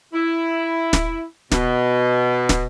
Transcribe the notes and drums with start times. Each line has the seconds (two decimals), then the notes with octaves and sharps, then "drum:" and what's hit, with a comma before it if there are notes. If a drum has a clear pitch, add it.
0.13 E4
0.93 drum: snare
1.52 B2, drum: snare
2.49 drum: snare